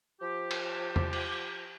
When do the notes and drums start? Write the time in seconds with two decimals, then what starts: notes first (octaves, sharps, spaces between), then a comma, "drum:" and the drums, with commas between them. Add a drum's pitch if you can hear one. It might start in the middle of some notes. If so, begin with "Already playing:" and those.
0.21 F3 G4
0.51 drum: cymbal
0.96 drum: tom E2
1.13 drum: cymbal